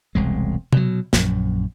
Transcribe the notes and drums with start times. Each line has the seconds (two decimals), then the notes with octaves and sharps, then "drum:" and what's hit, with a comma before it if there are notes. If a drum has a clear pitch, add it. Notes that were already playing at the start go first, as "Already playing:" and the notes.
0.15 E1 C2 G#3
0.73 B2 F#3, drum: tom C3
1.13 A#1 F#2, drum: snare